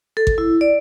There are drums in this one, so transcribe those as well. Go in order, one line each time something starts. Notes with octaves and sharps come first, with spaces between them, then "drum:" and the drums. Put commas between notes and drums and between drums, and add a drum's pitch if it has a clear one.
A4
drum: kick G#1
E4
D5